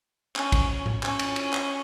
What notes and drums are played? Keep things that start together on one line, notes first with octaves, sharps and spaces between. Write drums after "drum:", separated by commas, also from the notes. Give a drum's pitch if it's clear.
C#4, drum: clap
drum: kick A1, cymbal
drum: tom A2
C#4, drum: clap
drum: cymbal
drum: cymbal
drum: clap